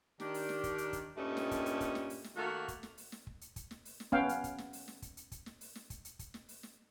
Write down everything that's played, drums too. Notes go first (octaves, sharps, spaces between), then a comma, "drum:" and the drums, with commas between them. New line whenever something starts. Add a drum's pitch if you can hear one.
D#3 D4 G4, drum: snare
drum: open hi-hat
drum: snare
drum: kick, hi-hat
drum: hi-hat
drum: kick, hi-hat
G2 A#2 G3 A3 C#4 D#4
drum: snare
drum: kick, hi-hat
drum: hi-hat
drum: kick, hi-hat
drum: snare
drum: open hi-hat
drum: snare
D#3 A3 A#3 F#4
drum: kick, hi-hat
drum: snare
drum: open hi-hat
drum: snare
drum: kick
drum: hi-hat
drum: kick, hi-hat
drum: snare
drum: open hi-hat
drum: snare
B3 C#4 F5 G5, drum: kick
drum: hi-hat
drum: kick, hi-hat
drum: snare
drum: open hi-hat
drum: snare
drum: kick, hi-hat
drum: hi-hat
drum: kick, hi-hat
drum: snare
drum: open hi-hat
drum: snare
drum: kick, hi-hat
drum: hi-hat
drum: kick, hi-hat
drum: snare
drum: open hi-hat
drum: snare